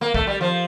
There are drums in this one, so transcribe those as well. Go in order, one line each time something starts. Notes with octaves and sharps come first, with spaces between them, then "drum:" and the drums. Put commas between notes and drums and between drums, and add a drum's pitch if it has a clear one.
A#3
A3, drum: kick
G3
F3